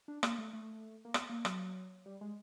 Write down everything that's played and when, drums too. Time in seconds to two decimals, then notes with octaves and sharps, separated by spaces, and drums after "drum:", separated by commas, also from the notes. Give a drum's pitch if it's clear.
0.08 D4
0.23 A#3, drum: rim click
0.38 A3
0.53 A3
1.05 A#3
1.14 B3, drum: rim click
1.29 A#3
1.45 F#3, drum: rim click
2.06 G3
2.21 G#3